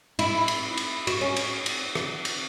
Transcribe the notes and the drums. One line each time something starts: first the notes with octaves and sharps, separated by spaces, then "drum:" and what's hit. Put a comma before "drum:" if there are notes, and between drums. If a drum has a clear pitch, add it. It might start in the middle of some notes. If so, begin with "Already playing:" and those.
E4, drum: cymbal
drum: cymbal
drum: cymbal
F#4, drum: cymbal
C#4
drum: cymbal
drum: cymbal
drum: rim click
drum: cymbal